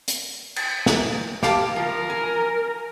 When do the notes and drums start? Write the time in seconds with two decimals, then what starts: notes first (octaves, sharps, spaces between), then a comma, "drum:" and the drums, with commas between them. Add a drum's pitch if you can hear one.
0.08 drum: hi-hat
0.56 drum: cymbal
0.86 drum: snare
1.43 G4 F5 A5, drum: snare
1.76 F3 A#4
2.10 G#5